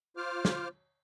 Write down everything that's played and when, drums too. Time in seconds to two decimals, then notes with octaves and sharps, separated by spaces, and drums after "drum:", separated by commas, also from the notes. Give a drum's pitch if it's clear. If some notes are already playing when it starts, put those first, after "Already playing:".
0.17 F4 C5 D6 F6
0.45 drum: snare